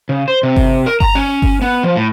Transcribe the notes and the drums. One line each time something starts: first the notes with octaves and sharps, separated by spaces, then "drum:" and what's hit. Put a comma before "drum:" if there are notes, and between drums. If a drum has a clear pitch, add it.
C#3
C5
C3
drum: kick G1
A#4
A#5, drum: kick G1
C#4
drum: kick G1
B3
F3
A2